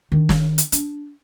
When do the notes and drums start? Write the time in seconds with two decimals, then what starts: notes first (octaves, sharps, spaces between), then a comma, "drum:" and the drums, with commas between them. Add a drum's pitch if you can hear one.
0.12 D#3 D4
0.29 drum: snare
0.58 drum: hi-hat
0.72 D4, drum: hi-hat